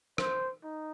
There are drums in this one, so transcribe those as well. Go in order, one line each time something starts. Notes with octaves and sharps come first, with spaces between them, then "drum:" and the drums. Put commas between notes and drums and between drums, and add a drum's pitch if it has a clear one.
C5, drum: rim click
D#4